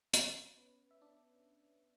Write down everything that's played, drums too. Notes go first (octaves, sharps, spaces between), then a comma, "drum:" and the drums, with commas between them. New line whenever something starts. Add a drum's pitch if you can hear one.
C#4 C#5, drum: hi-hat
B3 B4
E5
D4 D5